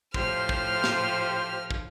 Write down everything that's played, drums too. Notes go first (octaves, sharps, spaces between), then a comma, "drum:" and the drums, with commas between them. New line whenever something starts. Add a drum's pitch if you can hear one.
A2 F3 G4 C5 F6, drum: kick
drum: kick
drum: snare
drum: kick